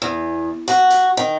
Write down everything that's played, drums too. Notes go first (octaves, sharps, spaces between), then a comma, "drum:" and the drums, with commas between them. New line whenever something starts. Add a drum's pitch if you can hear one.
E2
F#4, drum: hi-hat
drum: hi-hat
D#3